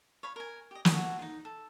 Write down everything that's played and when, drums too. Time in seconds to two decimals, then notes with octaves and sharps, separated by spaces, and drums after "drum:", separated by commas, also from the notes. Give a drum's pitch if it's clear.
0.23 C#5 F5 B5
0.36 A#4 G#5
0.71 G4 D#5
0.85 F#4 A4 C#5 F#5, drum: snare
1.19 D#4 F4
1.45 A4